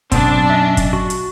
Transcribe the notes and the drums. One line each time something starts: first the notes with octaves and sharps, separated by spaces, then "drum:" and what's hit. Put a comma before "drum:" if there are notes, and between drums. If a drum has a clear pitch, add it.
F#2 B2 B3 C4 D4, drum: kick, hi-hat
C#4 D#5 E5
drum: kick, hi-hat
F#4
drum: hi-hat